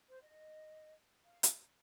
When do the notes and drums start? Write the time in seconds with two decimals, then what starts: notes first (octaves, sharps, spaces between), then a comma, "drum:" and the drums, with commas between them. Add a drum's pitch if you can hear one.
0.08 C5
0.23 D#5
1.25 F5
1.43 drum: hi-hat